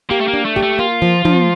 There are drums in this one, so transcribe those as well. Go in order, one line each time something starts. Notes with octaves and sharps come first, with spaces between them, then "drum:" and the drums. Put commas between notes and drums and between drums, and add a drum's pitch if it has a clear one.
A#3 G4
A3
A#3
D4
A3
G4, drum: kick
A3
A#3 F4
F3
F3, drum: tom